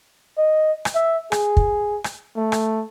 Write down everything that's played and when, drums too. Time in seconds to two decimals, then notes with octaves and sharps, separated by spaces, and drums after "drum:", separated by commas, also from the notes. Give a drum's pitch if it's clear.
0.37 D#5
0.85 drum: rim click
0.95 E5
1.32 G#4, drum: rim click
1.57 drum: kick
2.04 drum: rim click
2.37 A3
2.52 drum: rim click